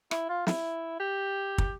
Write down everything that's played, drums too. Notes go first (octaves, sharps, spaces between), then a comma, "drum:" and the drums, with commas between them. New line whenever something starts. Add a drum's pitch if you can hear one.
E4, drum: rim click
F4
E4, drum: snare
G4
drum: kick